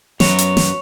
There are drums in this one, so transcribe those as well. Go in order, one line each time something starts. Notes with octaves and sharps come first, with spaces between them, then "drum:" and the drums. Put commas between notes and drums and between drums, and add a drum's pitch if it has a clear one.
F#2 F#3 B3 C#5, drum: snare
drum: hi-hat
drum: snare